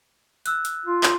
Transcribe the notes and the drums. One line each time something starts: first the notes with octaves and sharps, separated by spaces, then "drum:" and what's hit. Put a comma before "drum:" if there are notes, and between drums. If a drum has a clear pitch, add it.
E6 F#6, drum: hi-hat
drum: hi-hat
F4
drum: clap